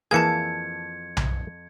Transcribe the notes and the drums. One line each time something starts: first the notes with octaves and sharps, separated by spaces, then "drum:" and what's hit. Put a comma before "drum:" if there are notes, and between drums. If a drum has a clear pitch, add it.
F2 E3 A#3 G#4 A5 G#6 C#7
drum: tom B1